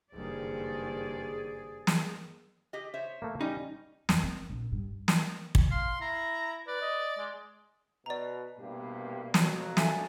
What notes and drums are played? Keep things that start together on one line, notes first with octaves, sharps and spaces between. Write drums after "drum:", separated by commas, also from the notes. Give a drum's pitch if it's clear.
F#1 G2 D#3 G#4 C5 D5
drum: snare
G4 G#4 D#5
C5 C#5 E5
A3 A#3
G3 C#4 D#4
F2, drum: snare
C4
A#1
G2
drum: snare
drum: kick
F5 C6
E4 A#5
B4 D5
D#5
G#3
B2 D5 A#5
C2 G2 B2 A#3 G4
F2 F#3, drum: snare
D4 A4 E5 G#5, drum: snare